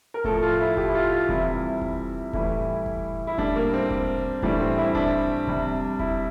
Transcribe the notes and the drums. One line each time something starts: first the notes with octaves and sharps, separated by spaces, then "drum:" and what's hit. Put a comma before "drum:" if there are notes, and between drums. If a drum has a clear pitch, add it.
A#4
A2 F3 A4, drum: kick E1
F4
E4
G4, drum: kick E1
E4
F4
F4
C3 E3 G3 E4, drum: kick E1
drum: kick E1
A2 E3 G3, drum: kick E1
drum: kick E1
E4
A2 G3 D4, drum: kick E1
A#3
C4
drum: kick E1
A2 E3 G3 D4, drum: kick E1
C4
E4
D4, drum: kick E1
C3 G3, drum: kick E1
E4, drum: kick E1